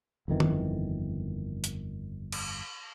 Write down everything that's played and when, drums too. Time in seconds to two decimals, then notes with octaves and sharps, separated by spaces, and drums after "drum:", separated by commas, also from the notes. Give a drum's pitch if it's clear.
0.28 G1 F2 D#3 E3
0.40 drum: tom D#3
1.64 drum: hi-hat
2.32 drum: cymbal